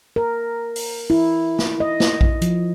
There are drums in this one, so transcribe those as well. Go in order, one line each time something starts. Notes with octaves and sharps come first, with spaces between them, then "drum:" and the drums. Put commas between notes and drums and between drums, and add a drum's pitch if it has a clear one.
A#4
drum: open hi-hat
E4
drum: snare
D#5
drum: snare
drum: kick A#1
F3, drum: hi-hat